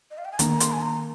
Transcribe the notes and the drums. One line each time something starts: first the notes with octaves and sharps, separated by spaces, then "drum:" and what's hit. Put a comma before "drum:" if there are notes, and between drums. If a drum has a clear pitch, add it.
D#5
F5
G5
G#5
D#3 A#3 D4 A#5, drum: hi-hat
C6, drum: hi-hat
G#5
A#5